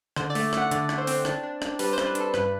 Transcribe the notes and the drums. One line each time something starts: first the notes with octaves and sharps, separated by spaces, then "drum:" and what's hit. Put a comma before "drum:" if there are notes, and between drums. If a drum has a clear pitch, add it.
D3 C5, drum: rim click
D5
A3, drum: open hi-hat
A3 F#5, drum: rim click
D3 D5, drum: hi-hat
A3, drum: rim click
C5
C4, drum: open hi-hat
D4, drum: rim click
D4
D4, drum: rim click
G3 B4, drum: open hi-hat
C5
G3, drum: rim click
B4
D4, drum: hi-hat
A4
G2 B4, drum: rim click